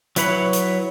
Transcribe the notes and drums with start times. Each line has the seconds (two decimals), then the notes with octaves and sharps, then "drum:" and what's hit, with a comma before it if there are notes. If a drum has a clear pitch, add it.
0.16 F#3 E4 B4 C#5 B5, drum: hi-hat
0.53 drum: hi-hat